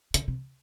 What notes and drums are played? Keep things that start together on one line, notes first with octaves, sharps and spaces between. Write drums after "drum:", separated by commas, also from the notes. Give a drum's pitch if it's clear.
C#3, drum: hi-hat
C3